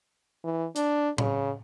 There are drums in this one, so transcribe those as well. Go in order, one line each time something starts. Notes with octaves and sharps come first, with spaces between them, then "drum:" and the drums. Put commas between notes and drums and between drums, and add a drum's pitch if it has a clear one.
E3
D4, drum: hi-hat
C#3, drum: tom A2